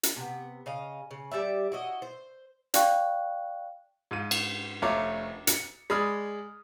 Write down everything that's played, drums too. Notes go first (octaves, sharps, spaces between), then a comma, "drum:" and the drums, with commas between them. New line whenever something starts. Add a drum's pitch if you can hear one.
drum: hi-hat
C3 B3
C#3 D#5 F5
C#3
G3 G4 D5 E5
E4 F#4 D#5
C5
D5 F5 G5 C#6 F#6, drum: hi-hat
G#2 F4 D#7
drum: cymbal
F1 A3 F4 C#5 A#5 D6
C#7, drum: hi-hat
G#3 D5 B5 D#6 F6